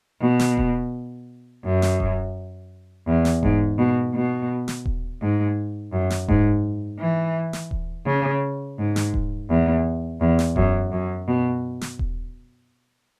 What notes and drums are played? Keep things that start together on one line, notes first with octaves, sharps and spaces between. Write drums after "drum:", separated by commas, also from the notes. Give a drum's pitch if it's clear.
B2
drum: snare
drum: kick D#1
F#2
drum: snare
drum: kick D#1
E2
drum: snare
G#2, drum: kick D#1
B2
B2
drum: snare
drum: kick D#1
G#2
F#2
drum: snare
G#2, drum: kick D#1
E3
drum: snare
drum: kick D#1
C#3
G#2
drum: snare
drum: kick D#1
E2
E2
drum: snare
F#2, drum: kick D#1
F#2
B2
drum: snare
drum: kick D#1